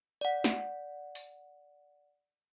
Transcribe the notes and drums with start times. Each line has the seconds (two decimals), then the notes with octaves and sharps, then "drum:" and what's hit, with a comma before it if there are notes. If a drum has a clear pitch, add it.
0.21 D5 F#5
0.44 drum: snare
1.15 drum: open hi-hat